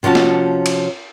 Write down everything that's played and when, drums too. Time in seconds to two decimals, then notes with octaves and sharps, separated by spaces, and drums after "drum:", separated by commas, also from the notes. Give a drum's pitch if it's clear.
0.03 C3 F3 C#4 F#4 A5
0.15 drum: snare
0.66 drum: cymbal